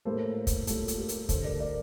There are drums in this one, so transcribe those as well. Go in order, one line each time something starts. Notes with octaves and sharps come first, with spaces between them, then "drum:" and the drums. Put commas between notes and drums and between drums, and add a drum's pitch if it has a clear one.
A2 G3 A#3 A4 C5
drum: kick, hi-hat
A2 G3 A#3 F4 A4, drum: hi-hat
drum: hi-hat
G4 A#4
drum: hi-hat
G2 D3 A3 A4 C5, drum: kick, hi-hat
A#4 D5
A#4 D5